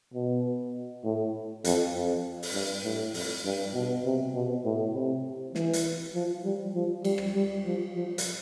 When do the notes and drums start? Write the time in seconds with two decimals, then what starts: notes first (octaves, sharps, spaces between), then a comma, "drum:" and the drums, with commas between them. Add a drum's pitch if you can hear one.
0.14 B2
1.04 A2
1.64 F2, drum: hi-hat
1.95 F2
2.43 drum: open hi-hat
2.54 G2
2.85 A2
3.14 F2, drum: open hi-hat
3.45 G2
3.74 B2
4.05 C3
4.35 B2
4.65 A2
4.94 C3
5.55 E3, drum: snare
5.73 drum: hi-hat
6.15 F3
6.45 G3
6.75 F3
7.05 G3, drum: cymbal
7.18 drum: rim click
7.35 G3
7.66 F3
7.96 F3
8.18 drum: hi-hat